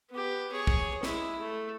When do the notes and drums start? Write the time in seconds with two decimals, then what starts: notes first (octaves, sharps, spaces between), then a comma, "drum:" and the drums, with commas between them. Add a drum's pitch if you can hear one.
0.10 B3 G4
0.52 G#4 C#5
0.67 drum: kick
1.03 G#3 E4, drum: snare
1.39 A3